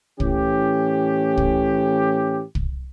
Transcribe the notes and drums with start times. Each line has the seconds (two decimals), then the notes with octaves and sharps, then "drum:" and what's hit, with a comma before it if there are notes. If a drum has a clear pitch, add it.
0.20 A2 E3 C#4 G4, drum: kick
1.37 drum: kick
2.55 drum: kick